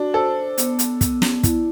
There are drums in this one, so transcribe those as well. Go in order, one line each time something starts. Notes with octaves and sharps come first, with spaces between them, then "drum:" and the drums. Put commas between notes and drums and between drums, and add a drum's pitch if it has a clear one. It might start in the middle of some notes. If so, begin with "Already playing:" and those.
Already playing: D4 F#4
A4 C5
B3, drum: hi-hat
drum: hi-hat
B3, drum: kick, hi-hat
drum: snare
E4, drum: kick, hi-hat